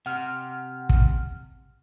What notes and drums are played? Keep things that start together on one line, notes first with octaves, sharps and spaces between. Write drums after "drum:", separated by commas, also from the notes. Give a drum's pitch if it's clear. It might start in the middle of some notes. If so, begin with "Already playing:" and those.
C3 F#5 F6
drum: kick